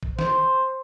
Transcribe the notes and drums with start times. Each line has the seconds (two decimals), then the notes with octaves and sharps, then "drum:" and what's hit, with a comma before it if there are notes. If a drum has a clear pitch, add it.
0.03 drum: kick
0.19 C5, drum: snare